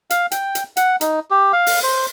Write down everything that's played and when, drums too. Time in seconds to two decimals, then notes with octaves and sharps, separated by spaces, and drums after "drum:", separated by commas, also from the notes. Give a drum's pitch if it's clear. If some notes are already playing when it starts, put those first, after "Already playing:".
0.10 F5, drum: hi-hat
0.31 G5, drum: hi-hat
0.55 drum: hi-hat
0.77 F#5, drum: hi-hat
1.01 D#4, drum: hi-hat
1.31 G4
1.53 F5
1.66 drum: open hi-hat
1.83 C5